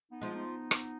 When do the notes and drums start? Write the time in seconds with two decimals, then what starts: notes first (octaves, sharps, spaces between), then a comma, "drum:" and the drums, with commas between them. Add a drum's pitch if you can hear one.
0.11 B3 D#4
0.21 F3 G#3 F4
0.33 B3 D#4
0.71 drum: rim click